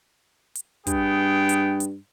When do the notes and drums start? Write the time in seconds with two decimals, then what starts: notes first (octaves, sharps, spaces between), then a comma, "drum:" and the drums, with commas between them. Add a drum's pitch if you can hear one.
0.55 drum: hi-hat
0.87 G2 B3 G#4 G5, drum: kick, hi-hat
1.49 drum: hi-hat
1.80 drum: hi-hat